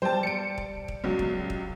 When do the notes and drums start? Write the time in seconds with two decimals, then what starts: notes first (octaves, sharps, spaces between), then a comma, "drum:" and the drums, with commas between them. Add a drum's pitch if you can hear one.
0.02 G3 C5 G5 A5
0.23 C#7 D7
0.58 drum: kick D#1
0.88 drum: kick D#1
1.04 C#2 F#3
1.19 drum: kick D#1
1.50 drum: kick D#1